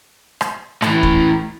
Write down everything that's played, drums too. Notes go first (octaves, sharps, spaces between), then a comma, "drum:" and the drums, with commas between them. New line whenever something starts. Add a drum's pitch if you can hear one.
drum: rim click
A2 E3, drum: rim click
drum: kick